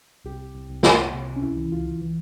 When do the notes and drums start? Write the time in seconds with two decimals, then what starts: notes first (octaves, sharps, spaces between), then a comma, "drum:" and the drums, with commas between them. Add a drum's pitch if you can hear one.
0.24 C2 G4
0.40 C2
0.54 C2
0.69 C2
0.83 C2, drum: snare
0.98 C2
1.13 C3
1.27 C2
1.36 C#4
1.42 C#2 E4
1.56 E3
1.72 C#2 F4
1.87 E3
2.01 E3